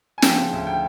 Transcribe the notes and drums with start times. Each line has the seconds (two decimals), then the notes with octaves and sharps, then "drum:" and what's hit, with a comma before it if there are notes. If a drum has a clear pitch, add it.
0.18 G#5
0.22 F3 G5, drum: snare
0.37 C#3
0.52 D2
0.67 G5